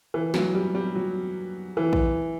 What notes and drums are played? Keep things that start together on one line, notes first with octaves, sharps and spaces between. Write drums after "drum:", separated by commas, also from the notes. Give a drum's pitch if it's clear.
E3
F#3, drum: snare
G3
G3
F#3
E3
drum: kick